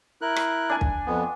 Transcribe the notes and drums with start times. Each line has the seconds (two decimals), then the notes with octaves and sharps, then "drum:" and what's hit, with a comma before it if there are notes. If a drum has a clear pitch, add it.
0.22 E4 A#4 F#6
0.36 drum: rim click
0.70 D4 G#5
0.81 drum: kick
1.06 F2 B3